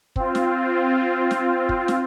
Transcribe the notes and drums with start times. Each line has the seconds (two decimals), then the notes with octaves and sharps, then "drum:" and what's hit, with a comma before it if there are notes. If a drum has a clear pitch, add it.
0.16 C4 F4, drum: kick
0.35 drum: snare
1.31 drum: snare
1.69 drum: kick
1.88 drum: snare